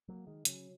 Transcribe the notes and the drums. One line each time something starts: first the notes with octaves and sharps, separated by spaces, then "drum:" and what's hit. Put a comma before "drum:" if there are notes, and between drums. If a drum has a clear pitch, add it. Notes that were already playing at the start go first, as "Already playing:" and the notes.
F#3 A#3
D#3 G#3
C#3 F#3, drum: hi-hat